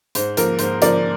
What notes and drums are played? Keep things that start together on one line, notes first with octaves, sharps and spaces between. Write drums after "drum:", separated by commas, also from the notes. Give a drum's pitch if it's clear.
G#2 C5, drum: hi-hat
F3 A#3 A#4, drum: hi-hat
G#2 C5, drum: hi-hat
F3 A#3 A#4 D5, drum: hi-hat